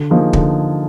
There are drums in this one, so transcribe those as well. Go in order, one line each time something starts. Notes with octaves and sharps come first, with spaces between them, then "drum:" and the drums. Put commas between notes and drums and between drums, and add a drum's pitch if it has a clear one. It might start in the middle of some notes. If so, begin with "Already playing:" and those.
Already playing: D3
F3 A#3 D#4 G#4
D3, drum: kick